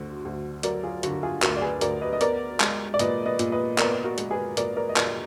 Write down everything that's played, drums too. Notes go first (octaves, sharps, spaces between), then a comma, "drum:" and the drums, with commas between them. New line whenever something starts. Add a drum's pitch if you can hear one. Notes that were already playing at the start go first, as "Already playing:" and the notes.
Already playing: D2 D3 F#4
D2
F#3 A#4 D5, drum: hi-hat
F4 G#4
D3 F#4, drum: hi-hat
F#4
F4 G#4
D2 F#4 A#4, drum: clap
D5
G#4 B4
D2 A#4 D5, drum: hi-hat
B4 D#5
D#5
B3 A#4 D5, drum: hi-hat
G#3, drum: clap
D5
A#2 B4 D#5, drum: hi-hat
B4 D#5
A#2, drum: hi-hat
B4 D#5
B3 A#4 D5, drum: clap
F#4 A#4
G#3, drum: hi-hat
G#4 B4
A#2 A#4 D5, drum: hi-hat
A#4 D5
D#5
A#2 A#4 D5, drum: clap